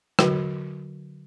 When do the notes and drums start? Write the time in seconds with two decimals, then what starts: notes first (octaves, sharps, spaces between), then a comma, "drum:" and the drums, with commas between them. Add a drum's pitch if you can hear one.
0.19 D3 F#3 F#4 B4, drum: rim click